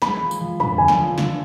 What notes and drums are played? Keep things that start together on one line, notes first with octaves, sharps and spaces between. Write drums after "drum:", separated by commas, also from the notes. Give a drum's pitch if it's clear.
G#3 B5, drum: snare
F3
drum: tambourine
F3
D4 B5, drum: tom
D3 G#5
drum: snare
F3
D3, drum: snare